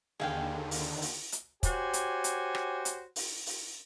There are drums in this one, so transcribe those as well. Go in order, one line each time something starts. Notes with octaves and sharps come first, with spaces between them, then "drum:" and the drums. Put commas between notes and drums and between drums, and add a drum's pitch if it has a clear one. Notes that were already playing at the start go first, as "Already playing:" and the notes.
D#2 D3 D#3 G#4 F5 G5
drum: open hi-hat
drum: open hi-hat
drum: hi-hat
F#4 G4 C5 C#5 G#5, drum: kick, hi-hat
drum: hi-hat
drum: hi-hat
drum: rim click
drum: hi-hat
drum: open hi-hat
drum: open hi-hat